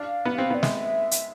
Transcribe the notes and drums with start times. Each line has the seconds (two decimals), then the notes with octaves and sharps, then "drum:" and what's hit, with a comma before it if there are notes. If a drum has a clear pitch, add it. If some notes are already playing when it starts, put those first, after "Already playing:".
Already playing: D4 F5
0.25 B3
0.38 C4
0.50 B3
0.54 D5
0.63 G#3 E5, drum: snare
1.11 drum: hi-hat